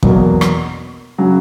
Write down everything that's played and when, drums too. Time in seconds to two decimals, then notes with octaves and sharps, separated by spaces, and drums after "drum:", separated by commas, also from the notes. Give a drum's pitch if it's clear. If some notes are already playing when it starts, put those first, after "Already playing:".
0.03 E2 B2 F#3 A#3, drum: kick
0.41 drum: rim click
1.18 C#3 F#3